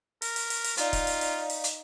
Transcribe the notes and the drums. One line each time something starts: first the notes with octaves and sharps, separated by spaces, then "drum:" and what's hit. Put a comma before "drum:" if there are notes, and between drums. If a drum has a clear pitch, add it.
A#4, drum: open hi-hat
drum: open hi-hat
drum: open hi-hat
drum: open hi-hat
D#4 F4 D5 F5, drum: hi-hat
drum: kick E1, open hi-hat
drum: open hi-hat
drum: open hi-hat
drum: open hi-hat
drum: hi-hat